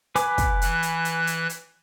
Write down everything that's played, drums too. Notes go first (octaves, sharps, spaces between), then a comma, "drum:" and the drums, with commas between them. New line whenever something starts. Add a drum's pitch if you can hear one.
B4 G#5 D6, drum: hi-hat
drum: kick, hi-hat
E3 F#6, drum: hi-hat
drum: hi-hat
drum: hi-hat
drum: hi-hat
drum: hi-hat